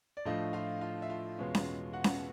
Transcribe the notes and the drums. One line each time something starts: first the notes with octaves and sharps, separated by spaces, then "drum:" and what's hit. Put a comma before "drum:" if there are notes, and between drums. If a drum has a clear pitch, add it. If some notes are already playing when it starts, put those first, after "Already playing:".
D5
A2 F3 A3 D4 F4 D#5
F4 F5
F4 F5
E5
F4 F5
E2 B2 G#3 C#4
drum: snare C#4
F#4 F#5
drum: snare C#4